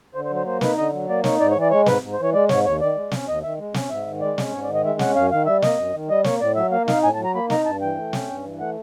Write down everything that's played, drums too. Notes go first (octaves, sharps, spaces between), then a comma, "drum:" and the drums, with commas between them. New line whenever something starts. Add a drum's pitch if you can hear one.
D3 C5
C5
F#3
C5
A#3 C5
D#4 B4, drum: snare
D3 D#5
F#3
A#3 D5
D#4 C#5, drum: snare
G#2 D5
C#5
E3 D5
G#3 C#5
G#2 B4, drum: snare
G#2
C5
E3 C#5
G#3 D5
G#2 C#5, drum: snare
D#2 C#5
D#3 D5
G#3
C#4, drum: snare
D#2 D#5
D#3 E5
G#3
C#4, drum: snare
G#2 E5
D#3
G#3 D5
C#4, drum: snare
G#2 C#5
D5
D#3
D#5
G#3 E5
C#4 F#5, drum: snare
F#2 F5
D#3 F5
G3 E5
A#3 D#5, drum: snare
F#2
D#3
G3 D#5
A#3 C#5, drum: snare
A2 D5
F#3 E5
A#3 F5
D#4 F5, drum: snare
A2 G#5
A5
F#3
A#5
A#3 B5
D#4 A#5, drum: snare
G2 A5
E3 G5
A3
C#4, drum: snare
G2
E3
A3 F#5